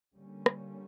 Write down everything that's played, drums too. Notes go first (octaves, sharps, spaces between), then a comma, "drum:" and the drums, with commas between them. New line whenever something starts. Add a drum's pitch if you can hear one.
D3 G3 A#3 C#4
drum: rim click